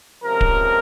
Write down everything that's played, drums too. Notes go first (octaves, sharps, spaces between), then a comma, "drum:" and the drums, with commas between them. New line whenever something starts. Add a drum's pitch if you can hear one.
C#2 C3 F3 A#4
drum: kick D1